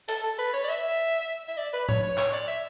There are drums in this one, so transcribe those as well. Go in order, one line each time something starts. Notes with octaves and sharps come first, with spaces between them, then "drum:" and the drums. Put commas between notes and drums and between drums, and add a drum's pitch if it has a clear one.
A4, drum: hi-hat
A4
B4
C#5
D5
E5
E5
D5
B4
C#5, drum: tom A2
C#5
C#5, drum: clap
D5
E5